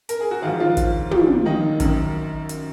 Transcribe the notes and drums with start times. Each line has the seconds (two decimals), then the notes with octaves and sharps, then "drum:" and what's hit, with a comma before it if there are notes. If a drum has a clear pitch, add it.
0.09 A#4, drum: hi-hat
0.20 G#4
0.31 F#4
0.42 G#2 D#3 F3 F4
0.60 F3 F4
0.77 drum: kick, hi-hat
1.11 A#2 F3, drum: tom
1.46 D#3 D#4
1.80 F#2 D#3, drum: kick, hi-hat
2.49 drum: hi-hat